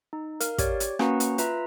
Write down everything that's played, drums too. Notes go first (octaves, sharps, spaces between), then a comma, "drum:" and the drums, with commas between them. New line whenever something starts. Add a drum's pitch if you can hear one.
D#4
A#4 F5 F6, drum: hi-hat
G4 C#5 D5, drum: kick, hi-hat
drum: hi-hat
A#3 C#4 F#4 B4 F#5 A#5, drum: rim click
drum: hi-hat
F4 B4 E5 A#5, drum: hi-hat